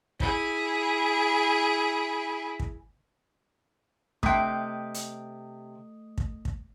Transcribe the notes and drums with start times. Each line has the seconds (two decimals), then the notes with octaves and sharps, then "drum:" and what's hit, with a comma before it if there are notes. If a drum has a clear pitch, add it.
0.20 E4 G#4, drum: kick
2.60 drum: kick
4.23 C3 A3 G5 D#6, drum: kick
4.94 drum: hi-hat
6.18 drum: kick
6.45 drum: kick